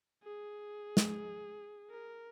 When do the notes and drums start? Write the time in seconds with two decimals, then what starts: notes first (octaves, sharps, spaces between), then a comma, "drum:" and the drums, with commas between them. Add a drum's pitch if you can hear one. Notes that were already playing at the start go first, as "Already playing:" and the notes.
0.23 G#4
0.97 drum: snare
1.90 A#4